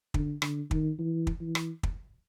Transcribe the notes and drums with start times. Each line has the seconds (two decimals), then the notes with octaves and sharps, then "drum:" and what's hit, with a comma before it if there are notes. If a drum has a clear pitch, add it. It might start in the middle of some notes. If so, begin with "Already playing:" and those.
0.14 D3, drum: kick
0.42 D3, drum: rim click
0.71 D#3, drum: kick
0.99 E3
1.27 drum: kick
1.41 E3
1.55 drum: rim click
1.83 drum: kick